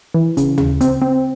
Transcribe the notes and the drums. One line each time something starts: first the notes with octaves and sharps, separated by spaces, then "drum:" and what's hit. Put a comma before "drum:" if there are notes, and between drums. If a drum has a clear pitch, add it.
E3
C#3, drum: kick, hi-hat
C#3, drum: tom D2
C4, drum: hi-hat
C4